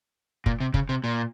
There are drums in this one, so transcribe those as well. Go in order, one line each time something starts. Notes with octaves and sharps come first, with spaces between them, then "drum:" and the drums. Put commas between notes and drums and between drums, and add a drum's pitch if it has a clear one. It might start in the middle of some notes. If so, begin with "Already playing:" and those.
A#2, drum: kick
C3
C#3, drum: kick
C3
A#2